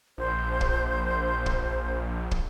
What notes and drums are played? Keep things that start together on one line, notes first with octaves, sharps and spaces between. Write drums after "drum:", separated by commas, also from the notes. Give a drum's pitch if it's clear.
A#1 C5
drum: kick
drum: kick
drum: kick